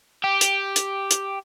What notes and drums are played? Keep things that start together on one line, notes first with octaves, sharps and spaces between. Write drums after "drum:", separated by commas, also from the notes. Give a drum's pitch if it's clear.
G4
drum: hi-hat
drum: hi-hat
drum: hi-hat